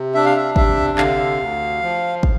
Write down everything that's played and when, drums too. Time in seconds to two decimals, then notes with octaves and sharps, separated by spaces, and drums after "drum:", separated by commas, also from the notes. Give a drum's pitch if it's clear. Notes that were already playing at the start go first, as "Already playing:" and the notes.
Already playing: C3
0.14 D4 E5
0.25 F5
0.37 E5
0.56 C3 E5, drum: kick
0.98 D3 F5, drum: clap
1.40 D2
1.82 F3
2.23 drum: kick